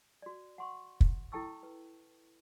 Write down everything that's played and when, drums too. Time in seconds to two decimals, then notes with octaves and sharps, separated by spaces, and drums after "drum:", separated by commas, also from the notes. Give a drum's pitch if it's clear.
0.22 F#4 D5
0.58 F#5 C6 C#6
1.01 drum: kick
1.32 E4 A4 G5 A5 C#6 E6
1.63 B4